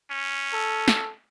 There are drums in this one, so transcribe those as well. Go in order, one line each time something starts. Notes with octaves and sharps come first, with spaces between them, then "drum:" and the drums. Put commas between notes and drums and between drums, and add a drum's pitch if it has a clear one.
C#4
A4
drum: snare